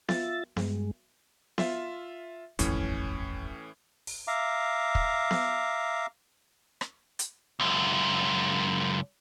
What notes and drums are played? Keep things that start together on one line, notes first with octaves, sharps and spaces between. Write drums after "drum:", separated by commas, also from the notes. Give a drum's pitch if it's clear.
F4 E5 A6, drum: snare B3
G2 G#3, drum: snare B3
F4 E5, drum: snare B3
D#1 G#1 F2 A2 E3 C#4, drum: hi-hat
drum: open hi-hat
E5 F5 A#5 D6
drum: kick
drum: snare B3
drum: rim click
drum: hi-hat
C#2 F#2